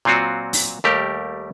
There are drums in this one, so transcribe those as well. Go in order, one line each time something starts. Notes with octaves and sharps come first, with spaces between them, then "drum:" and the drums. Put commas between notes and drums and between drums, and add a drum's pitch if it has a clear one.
A#2 F#3 C4 F4 F#4
drum: open hi-hat
D#2 G3 A3 G4 A#4